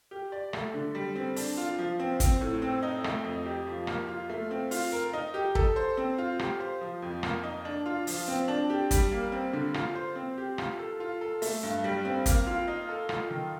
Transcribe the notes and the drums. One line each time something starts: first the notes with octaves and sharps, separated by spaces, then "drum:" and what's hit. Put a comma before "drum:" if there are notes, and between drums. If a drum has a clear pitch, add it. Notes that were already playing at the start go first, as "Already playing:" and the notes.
G4
D5
A3, drum: rim click
D3
G3
C4
D4, drum: open hi-hat
F4
F3
C4
C4, drum: kick, hi-hat
A2
C4
D#4
A3, drum: rim click
F2
G4
F3
A#3, drum: rim click
F4
A3
C4
F4, drum: open hi-hat
A#4
D#4
G4
A4, drum: kick
C5
C4
F4
G4, drum: rim click
C5
F3
F2
A#3, drum: rim click
D#4
D4
F4
F3, drum: open hi-hat
C4
D4
G4
G3, drum: kick, hi-hat
A#3
C4
D3
F4, drum: rim click
C5
C4
G4
F4, drum: rim click
A4
F4
A4
A3, drum: open hi-hat
G2
G3
C4
A#3, drum: kick, hi-hat
F4
D#4
A4
F4, drum: rim click
D#3